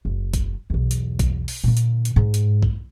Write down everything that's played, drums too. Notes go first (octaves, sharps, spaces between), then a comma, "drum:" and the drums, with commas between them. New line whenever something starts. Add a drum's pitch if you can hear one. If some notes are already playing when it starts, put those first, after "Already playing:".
F#1
drum: kick, hi-hat
B1 E2
drum: hi-hat
drum: kick, hi-hat
drum: open hi-hat
A#2 D3
drum: hi-hat
drum: hi-hat
G#2
drum: hi-hat
drum: kick